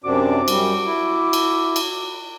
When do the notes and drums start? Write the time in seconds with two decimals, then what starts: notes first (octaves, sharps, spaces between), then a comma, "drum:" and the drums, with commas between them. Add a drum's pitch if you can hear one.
0.04 F#2 C3 D4 F#4 D6
0.48 F#2 G3, drum: cymbal
0.85 E4
1.33 drum: cymbal
1.76 drum: cymbal